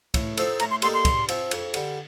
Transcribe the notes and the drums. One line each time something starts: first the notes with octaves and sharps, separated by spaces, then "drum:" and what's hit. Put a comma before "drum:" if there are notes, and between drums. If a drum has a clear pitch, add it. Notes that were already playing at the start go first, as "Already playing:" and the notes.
A2, drum: kick, cymbal
F3 C4 D#4 A4, drum: cymbal
A2 A#5, drum: cymbal
C6
G3 A#3 D#4 A4 C6, drum: cymbal
C6
G2, drum: kick, cymbal
F3 C4 F4, drum: cymbal
F2, drum: cymbal
D3 G3, drum: cymbal